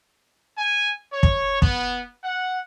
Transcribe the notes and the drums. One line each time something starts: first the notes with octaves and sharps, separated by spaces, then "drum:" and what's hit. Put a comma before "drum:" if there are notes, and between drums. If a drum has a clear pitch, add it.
G#5
C#5
drum: kick
B3, drum: kick
F#5